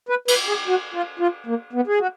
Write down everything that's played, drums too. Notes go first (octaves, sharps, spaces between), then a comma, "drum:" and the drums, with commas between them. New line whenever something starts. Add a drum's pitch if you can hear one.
B4
B4, drum: cymbal
G#4
F#4
F4
F4
A#3
B3
G#4
F#4